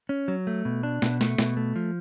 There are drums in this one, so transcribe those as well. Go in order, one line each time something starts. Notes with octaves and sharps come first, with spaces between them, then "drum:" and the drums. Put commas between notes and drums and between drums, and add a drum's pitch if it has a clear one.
C#4
F#3
A3
B2
D4
B2, drum: snare
A3, drum: snare
B2, drum: snare
A3
F3